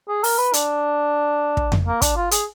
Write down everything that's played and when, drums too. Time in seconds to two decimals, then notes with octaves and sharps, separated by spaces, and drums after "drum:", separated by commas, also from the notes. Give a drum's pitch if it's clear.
0.09 G#4
0.24 A#4, drum: open hi-hat
0.38 B4
0.53 D4, drum: hi-hat
1.57 drum: kick
1.72 drum: tom F2
1.87 A#3
2.02 D4, drum: kick, hi-hat
2.16 F4
2.31 G#4, drum: hi-hat